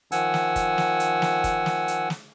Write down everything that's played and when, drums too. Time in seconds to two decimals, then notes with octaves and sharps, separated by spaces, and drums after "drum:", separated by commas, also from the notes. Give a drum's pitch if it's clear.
0.12 D#3 F3 F#5 G#5 E6, drum: hi-hat
0.34 drum: snare
0.56 drum: kick, hi-hat
0.78 drum: snare
1.00 drum: hi-hat
1.22 drum: snare
1.44 drum: kick, hi-hat
1.66 drum: snare
1.88 drum: hi-hat
2.10 drum: snare